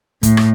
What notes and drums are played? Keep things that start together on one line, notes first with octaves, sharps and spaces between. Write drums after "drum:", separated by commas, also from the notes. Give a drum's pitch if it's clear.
A2, drum: kick, hi-hat
drum: rim click